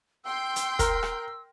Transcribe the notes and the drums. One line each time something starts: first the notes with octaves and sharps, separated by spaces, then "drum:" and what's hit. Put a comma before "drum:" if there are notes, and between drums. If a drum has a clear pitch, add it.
G5 C6 E6 G6
drum: hi-hat
A#4, drum: kick, hi-hat
drum: rim click